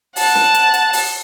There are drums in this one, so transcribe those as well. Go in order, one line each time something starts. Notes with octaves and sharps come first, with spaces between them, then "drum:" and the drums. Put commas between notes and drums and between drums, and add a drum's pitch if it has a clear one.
F#5 A5, drum: open hi-hat
drum: snare
drum: hi-hat
drum: hi-hat
drum: open hi-hat